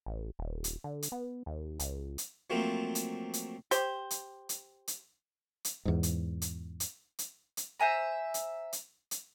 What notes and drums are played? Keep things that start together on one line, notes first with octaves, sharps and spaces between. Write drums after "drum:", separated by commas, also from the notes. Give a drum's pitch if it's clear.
A1
D#1
drum: hi-hat
D3
drum: hi-hat
B3
D#2
C#2, drum: hi-hat
drum: hi-hat
F3 F#3 A3 A#3 C4 F4
drum: hi-hat
drum: hi-hat
G4 C5, drum: hi-hat
drum: hi-hat
drum: hi-hat
drum: hi-hat
drum: hi-hat
E2 G#2
drum: hi-hat
drum: hi-hat
drum: hi-hat
drum: hi-hat
drum: hi-hat
C5 E5 G#5 A#5
drum: hi-hat
drum: hi-hat
drum: hi-hat